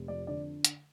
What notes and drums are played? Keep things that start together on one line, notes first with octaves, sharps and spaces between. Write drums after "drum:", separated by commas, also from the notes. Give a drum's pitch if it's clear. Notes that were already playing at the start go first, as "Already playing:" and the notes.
Already playing: F1
F2 D5
D3 D5
drum: hi-hat